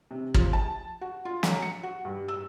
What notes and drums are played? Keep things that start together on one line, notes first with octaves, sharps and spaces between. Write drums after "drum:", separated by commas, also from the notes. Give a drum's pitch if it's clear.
C3
F3, drum: kick
A5
F#4
F4
F#3, drum: snare
C#7
F#4
G2
E6